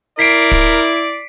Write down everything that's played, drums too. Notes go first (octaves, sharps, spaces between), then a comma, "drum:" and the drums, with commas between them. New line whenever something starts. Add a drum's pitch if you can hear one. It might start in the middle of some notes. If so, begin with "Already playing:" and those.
E4 A#4 D5 B6 C7 D7
drum: kick